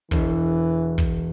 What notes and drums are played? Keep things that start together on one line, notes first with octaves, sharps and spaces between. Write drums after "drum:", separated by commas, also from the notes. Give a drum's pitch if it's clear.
E1 E3, drum: kick
drum: kick